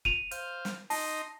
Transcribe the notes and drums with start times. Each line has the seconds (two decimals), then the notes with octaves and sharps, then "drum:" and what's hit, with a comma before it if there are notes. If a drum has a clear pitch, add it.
0.05 D#7 F7, drum: kick E1
0.31 C5 F5, drum: hi-hat
0.65 drum: snare
0.90 D#4 D#5 A5 C6, drum: open hi-hat